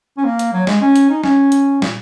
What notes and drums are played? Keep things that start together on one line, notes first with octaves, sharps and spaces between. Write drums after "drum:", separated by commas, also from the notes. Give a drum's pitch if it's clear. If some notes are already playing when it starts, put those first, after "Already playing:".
C#4
A#3
drum: hi-hat
F#3
G#3, drum: snare
C#4
drum: hi-hat
D#4
C#4, drum: snare
drum: hi-hat
A#2, drum: snare